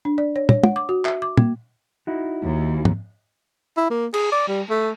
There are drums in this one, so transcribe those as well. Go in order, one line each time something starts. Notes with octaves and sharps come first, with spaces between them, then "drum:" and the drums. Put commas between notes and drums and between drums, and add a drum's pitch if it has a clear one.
D4
D5
C#5
C#5, drum: tom
F#5, drum: tom
D6
F#4
E5, drum: clap
D6
A#3, drum: tom
D#4 E4 F#4
D#2
drum: tom
E4
A#3
G#4, drum: cymbal
D5
G3
A3